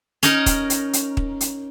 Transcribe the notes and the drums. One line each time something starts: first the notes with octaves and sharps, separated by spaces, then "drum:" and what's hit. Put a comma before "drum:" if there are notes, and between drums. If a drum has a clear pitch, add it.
C#4 D#4 A#4, drum: hi-hat
drum: kick, hi-hat
drum: hi-hat
drum: hi-hat
drum: kick
drum: hi-hat